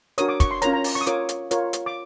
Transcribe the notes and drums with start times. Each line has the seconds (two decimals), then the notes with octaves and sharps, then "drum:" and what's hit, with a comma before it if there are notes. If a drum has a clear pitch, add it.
0.18 D4 F#4 A#4 C#5 D#6, drum: hi-hat
0.29 D6
0.40 C#6, drum: kick, hi-hat
0.51 C6
0.62 C#4 F4 A#4 C#5 A#5, drum: hi-hat
0.73 A#5
0.84 drum: open hi-hat
0.95 C#6
1.01 D#6
1.06 F4 A#4 C#5 D6, drum: hi-hat
1.29 drum: hi-hat
1.51 F4 A#4 C#5, drum: hi-hat
1.73 drum: hi-hat
1.86 D6